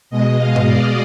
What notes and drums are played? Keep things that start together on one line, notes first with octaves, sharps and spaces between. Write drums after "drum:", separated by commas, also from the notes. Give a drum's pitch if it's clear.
B2 G#3 D#5
F5
drum: tom G#2
D5